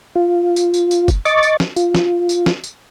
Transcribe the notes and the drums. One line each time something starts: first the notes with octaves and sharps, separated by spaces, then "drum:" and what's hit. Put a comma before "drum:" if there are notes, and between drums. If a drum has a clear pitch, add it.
F4
drum: tambourine
drum: tambourine
drum: tambourine
drum: kick, tambourine
D#5 C#6 D6 A6, drum: tambourine
drum: tambourine
drum: snare
F4, drum: tambourine
drum: snare
drum: tambourine
drum: snare
drum: tambourine